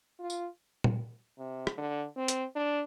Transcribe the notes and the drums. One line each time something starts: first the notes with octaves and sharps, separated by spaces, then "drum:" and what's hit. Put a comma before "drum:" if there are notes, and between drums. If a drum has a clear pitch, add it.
F4
drum: tambourine
drum: tom A#2
C3
drum: rim click
D3
C4
drum: hi-hat
D4